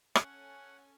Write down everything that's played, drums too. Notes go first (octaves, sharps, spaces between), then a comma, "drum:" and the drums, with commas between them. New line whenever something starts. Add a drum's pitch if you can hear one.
C#4 A4 F#5 G#5, drum: rim click